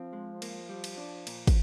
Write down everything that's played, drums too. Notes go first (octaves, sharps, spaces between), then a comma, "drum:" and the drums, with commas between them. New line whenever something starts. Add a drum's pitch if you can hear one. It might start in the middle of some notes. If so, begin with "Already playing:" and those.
Already playing: F3 C4
G#3
A#3, drum: cymbal
G3
drum: cymbal
D4
A#2, drum: cymbal
drum: kick, cymbal